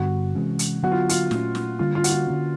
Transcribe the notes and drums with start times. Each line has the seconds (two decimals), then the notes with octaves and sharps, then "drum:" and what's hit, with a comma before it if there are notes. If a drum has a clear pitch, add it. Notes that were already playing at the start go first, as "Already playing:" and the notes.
Already playing: G2 D3 G3 B3 F#4
0.35 C3 E3 G#3 C#4
0.59 drum: hi-hat
0.83 D3 F#3 B3 F#4
0.92 F4
1.09 F4, drum: hi-hat
1.31 A#2 F#3 A3 C#4, drum: snare
1.55 drum: snare
1.79 D3 G3 A#3 C#4 F4
1.95 F4
2.04 F#4, drum: hi-hat
2.10 F4
2.26 D3 F3 A#3 C#4